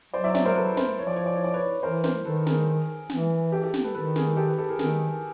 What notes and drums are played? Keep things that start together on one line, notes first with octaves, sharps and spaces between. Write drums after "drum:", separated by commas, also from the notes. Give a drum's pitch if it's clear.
F#3 C5 D5
D5 E5
D5 E5, drum: snare
A#4 C5
A4 B4
A#4 C5, drum: snare
F3 C#5
D5
C#5
D5
C#5
D5
B4 C#5
E3 A#4 C5
A#4 C5, drum: snare
D#3 A4 B4
G#4 A#4, drum: snare
E3, drum: snare
G4 A4
G4 A4
drum: snare
A4 B4
D#3 A4 B4
G#4 A#4, drum: snare
A#4
G4 A4
A4 B4
G4 A4
G#4 A#4
D#3 G#4 A#4, drum: snare